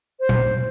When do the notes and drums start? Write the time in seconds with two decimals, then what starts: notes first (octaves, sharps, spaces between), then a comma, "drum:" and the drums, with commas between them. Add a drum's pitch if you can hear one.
0.19 C5
0.29 drum: tom A#2